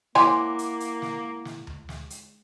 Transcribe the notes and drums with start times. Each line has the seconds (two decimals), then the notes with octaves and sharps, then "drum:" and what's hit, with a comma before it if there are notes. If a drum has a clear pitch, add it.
0.15 A#3 E4 C5 C#5 F#5 G#5 C6 D6, drum: snare
0.59 drum: hi-hat
0.80 drum: hi-hat
1.02 drum: snare
1.45 drum: snare
1.67 drum: tom D2
1.89 drum: snare
2.10 drum: hi-hat